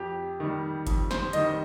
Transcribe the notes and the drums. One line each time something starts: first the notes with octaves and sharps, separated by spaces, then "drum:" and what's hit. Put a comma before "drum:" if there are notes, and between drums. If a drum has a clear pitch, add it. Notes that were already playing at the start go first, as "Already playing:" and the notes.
Already playing: F2 G4
D#3 G3
F2, drum: kick G1, hi-hat
C5, drum: snare
D#3 G3 D#5, drum: hi-hat